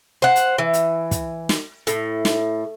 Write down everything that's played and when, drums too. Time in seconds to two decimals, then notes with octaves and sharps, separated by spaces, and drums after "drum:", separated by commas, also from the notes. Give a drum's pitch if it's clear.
0.22 C5 F#5
0.36 drum: hi-hat
0.58 E3
0.73 drum: hi-hat
1.11 drum: kick, hi-hat
1.49 drum: snare
1.87 A2, drum: hi-hat
2.25 drum: snare